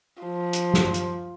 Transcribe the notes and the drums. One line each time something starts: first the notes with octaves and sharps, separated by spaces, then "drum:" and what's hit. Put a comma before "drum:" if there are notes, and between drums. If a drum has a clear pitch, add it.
F3
drum: hi-hat
drum: snare
drum: hi-hat